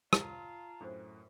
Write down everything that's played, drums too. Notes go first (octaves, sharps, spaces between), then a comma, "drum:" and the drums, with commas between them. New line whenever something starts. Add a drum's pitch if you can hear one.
F4 A5 A#5, drum: rim click
F#2 A2 D4 C5